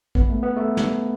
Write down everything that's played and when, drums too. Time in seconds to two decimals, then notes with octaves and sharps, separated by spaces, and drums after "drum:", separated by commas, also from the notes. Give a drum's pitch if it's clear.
0.15 B3, drum: kick A#1
0.29 A3
0.43 B3
0.56 A3
0.77 drum: snare